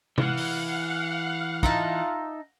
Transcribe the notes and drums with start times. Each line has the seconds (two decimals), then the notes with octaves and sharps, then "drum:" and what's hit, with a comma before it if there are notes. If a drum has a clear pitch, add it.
0.18 E3 F5 F#5, drum: tom C3
0.37 drum: open hi-hat
1.63 D#4 F4 E5 A5, drum: kick